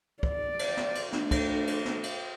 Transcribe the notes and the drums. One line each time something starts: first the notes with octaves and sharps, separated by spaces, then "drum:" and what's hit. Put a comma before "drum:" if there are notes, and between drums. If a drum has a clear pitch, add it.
D5, drum: kick
drum: cymbal
drum: snare
drum: cymbal
A3 D4, drum: snare
drum: kick, cymbal
drum: cymbal
drum: snare
drum: cymbal